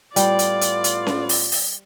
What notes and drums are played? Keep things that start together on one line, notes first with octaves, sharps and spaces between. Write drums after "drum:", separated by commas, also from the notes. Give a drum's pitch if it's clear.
A2 G3 B3 F4 D5, drum: hi-hat
drum: hi-hat
drum: hi-hat
drum: hi-hat
drum: snare C#4
drum: open hi-hat
drum: open hi-hat